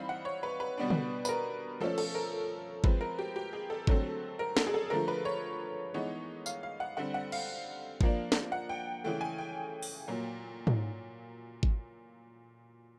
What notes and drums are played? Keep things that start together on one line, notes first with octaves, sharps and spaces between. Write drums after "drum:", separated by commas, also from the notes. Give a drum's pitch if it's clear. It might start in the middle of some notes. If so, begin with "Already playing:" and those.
Already playing: E3 G3 C4 D#4 F5 B5
F#5
C#5
B4
B4
B2 G3 B3 D4
drum: tom
B4, drum: tambourine
A#4
F3 A3 C#4 A4
A4, drum: cymbal
A#4
F3 G#3 C4 B4, drum: kick G#1
A#4
G4
G4
G#4
A4
D3 F#3 A3 C4, drum: kick G#1
A#4
A4, drum: snare
G#4
A4
D3 F3 A3 A#4
B4
C#5
E3 G#3 B3 D#4 C#5
F5, drum: tambourine
F5
F#5
D3 G3 C4 F#5
F#5
F5, drum: cymbal
F3 A#3 D4, drum: kick G#1
drum: snare
F#5
G5
C#3 E3 A3 G5
G#5
G5
drum: open hi-hat
A#2 F#3 A#3
drum: tom G#2
drum: kick G#1